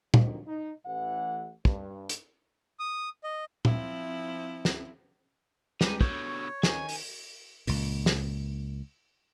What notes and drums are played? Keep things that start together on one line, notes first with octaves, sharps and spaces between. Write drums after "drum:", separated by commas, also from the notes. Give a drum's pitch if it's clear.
D3 F3 F#3 A#3 C4 D#4, drum: tom
D#4
A1 E3 F#5
G2, drum: kick
drum: hi-hat
D#6
D#5
F3 C4 E4, drum: tom
drum: snare
G3 G#3 D#4 G4 B4, drum: snare
B2 D3 C#5 G6, drum: kick
D#3 D#4 G#5, drum: snare
drum: open hi-hat
C#2 A#2, drum: open hi-hat
drum: snare